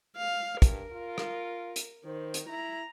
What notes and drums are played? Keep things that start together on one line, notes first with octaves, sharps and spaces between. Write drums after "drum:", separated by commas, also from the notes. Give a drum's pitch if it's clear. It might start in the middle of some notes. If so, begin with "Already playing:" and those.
F5
G2 A#4, drum: kick, hi-hat
F4
drum: rim click
drum: hi-hat
D#3 C5
drum: hi-hat
E4 A#5